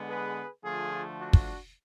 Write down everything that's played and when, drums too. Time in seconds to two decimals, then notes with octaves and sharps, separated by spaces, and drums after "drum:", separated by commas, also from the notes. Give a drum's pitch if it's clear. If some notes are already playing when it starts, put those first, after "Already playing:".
Already playing: D3 G#3 B3
0.09 G#4 B4
0.64 D3 F3 A3 F4 G#4
1.20 D4 F#4
1.33 drum: kick